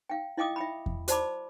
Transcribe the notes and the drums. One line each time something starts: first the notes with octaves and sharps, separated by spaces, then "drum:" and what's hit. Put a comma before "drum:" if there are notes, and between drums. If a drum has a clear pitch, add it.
F5 G5
E4 D#5 F5 G5 D6 D#6
E5 G5 B5
drum: kick E2
F#4 C5 D5 A5 B5 D6, drum: hi-hat